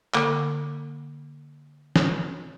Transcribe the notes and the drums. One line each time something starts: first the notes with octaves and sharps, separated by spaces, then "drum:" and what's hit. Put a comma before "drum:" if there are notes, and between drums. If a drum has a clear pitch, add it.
D3 A#3 D6, drum: clap
drum: snare